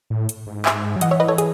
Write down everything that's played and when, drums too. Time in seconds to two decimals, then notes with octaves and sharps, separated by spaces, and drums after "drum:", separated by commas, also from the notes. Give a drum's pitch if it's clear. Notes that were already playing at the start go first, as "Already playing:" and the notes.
0.10 A2
0.29 drum: hi-hat
0.47 G#2
0.65 E5 G#5, drum: clap
0.96 F#3
1.01 E3 D#5 F#5, drum: hi-hat
1.11 C#5 E5
1.20 B4 D#5
1.28 A4 C#5
1.38 G#4, drum: hi-hat